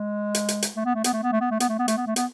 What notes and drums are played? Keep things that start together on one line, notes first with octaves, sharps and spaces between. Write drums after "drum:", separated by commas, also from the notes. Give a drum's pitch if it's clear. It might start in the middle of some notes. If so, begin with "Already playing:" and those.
Already playing: G#3
drum: hi-hat
drum: hi-hat
drum: hi-hat
A3
B3
A3
B3, drum: hi-hat
A3
B3
A3
B3
A3
B3, drum: hi-hat
A3
B3
A3, drum: hi-hat
B3
A3
B3, drum: hi-hat